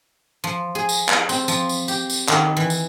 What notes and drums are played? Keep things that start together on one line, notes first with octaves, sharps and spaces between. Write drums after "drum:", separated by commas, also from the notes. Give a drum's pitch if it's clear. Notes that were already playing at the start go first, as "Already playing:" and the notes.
F3
G#4
drum: tambourine
drum: clap
C4, drum: tambourine
F3, drum: tambourine
drum: tambourine
G4, drum: tambourine
drum: tambourine
D#3, drum: clap
E3
drum: tambourine